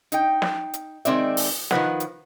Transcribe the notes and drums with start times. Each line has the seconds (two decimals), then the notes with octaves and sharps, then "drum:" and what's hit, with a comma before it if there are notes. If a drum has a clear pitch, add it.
0.12 D#4 G5, drum: hi-hat
0.42 drum: snare
0.73 drum: hi-hat
1.05 D#3 G#3 C4 D5 E5, drum: hi-hat
1.37 drum: open hi-hat
1.71 D#3 F3 B4 F#5, drum: snare
2.00 drum: hi-hat